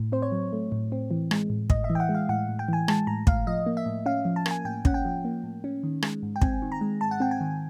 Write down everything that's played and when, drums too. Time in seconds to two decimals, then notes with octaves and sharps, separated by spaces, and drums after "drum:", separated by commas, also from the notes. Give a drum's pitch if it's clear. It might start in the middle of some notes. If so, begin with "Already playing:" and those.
Already playing: A2
0.12 C4 C5
0.22 C#5
0.32 F#3
0.52 A3
0.72 A2
0.92 C4
1.11 E3
1.31 G#3, drum: rim click
1.50 A2
1.70 A2 D#5, drum: kick
1.84 E5
1.90 E3
1.95 G5
2.00 F#5
2.09 G#3
2.15 F5
2.29 A2 F#5
2.49 A2
2.59 G5
2.69 E3 G#5
2.88 G#3 A5, drum: rim click
3.07 A2 A#5
3.27 A2 F5, drum: kick
3.47 F3 D#5
3.66 A#3
3.77 E5
3.86 A2
4.06 C#4 F5
4.25 F3
4.36 A5
4.46 A#3, drum: rim click
4.51 G#5
4.65 A2 G5
4.85 C#4 F#5, drum: kick
4.94 G5
5.05 F3
5.25 A#3
5.44 A2
5.64 C#4
5.83 D#3
6.02 G#3, drum: rim click
6.23 G#2
6.36 G5
6.42 C4 G#5, drum: kick
6.62 D#3
6.72 A#5
6.81 G#3
7.01 G#2 A5
7.11 F#5
7.20 C4 G5
7.31 G#5
7.41 D#3